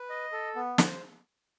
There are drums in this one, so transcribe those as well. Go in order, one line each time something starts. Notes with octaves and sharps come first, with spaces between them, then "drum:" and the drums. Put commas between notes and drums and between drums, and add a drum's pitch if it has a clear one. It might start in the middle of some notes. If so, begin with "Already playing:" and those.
Already playing: B4
D#5
A4
B3
C5, drum: snare